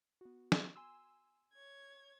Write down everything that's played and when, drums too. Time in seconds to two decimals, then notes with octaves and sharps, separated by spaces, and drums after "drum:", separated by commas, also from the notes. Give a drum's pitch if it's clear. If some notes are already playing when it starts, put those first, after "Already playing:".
0.21 B3 F#4
0.52 drum: snare
0.76 G#5 C6 E6
1.53 C#5 G#6